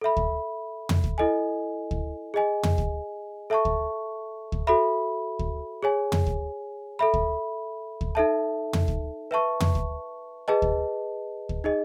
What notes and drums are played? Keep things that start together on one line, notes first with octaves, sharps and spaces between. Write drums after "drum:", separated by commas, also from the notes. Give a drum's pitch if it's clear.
A4 E5 B5
drum: kick
drum: tom
drum: kick
E4 A4 D#5 G#5
drum: kick
G#4 D#5 G#5
drum: tom
drum: kick
A4 E5 A5 C#6
drum: kick
drum: kick
F#4 A4 E5 B5
drum: kick
G#4 C#5 G#5
drum: tom
drum: kick
A4 E5 B5
drum: kick
drum: kick
D#4 A4 E5 A5
drum: tom
drum: kick
B4 E5 A5 C#6
drum: tom
drum: kick
G#4 B4 D#5 A5
drum: kick
drum: kick
D#4 G#4 D#5